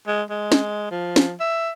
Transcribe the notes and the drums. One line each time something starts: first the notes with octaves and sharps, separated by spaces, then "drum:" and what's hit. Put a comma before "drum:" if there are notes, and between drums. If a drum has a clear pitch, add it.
G#3
G#3
drum: snare
F3
drum: snare
E5